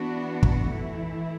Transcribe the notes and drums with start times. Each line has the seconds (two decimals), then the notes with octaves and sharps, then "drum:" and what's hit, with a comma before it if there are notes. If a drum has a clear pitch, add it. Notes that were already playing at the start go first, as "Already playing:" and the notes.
Already playing: E3 B3 D4 F#4
0.43 drum: kick
0.66 E3 A3 E4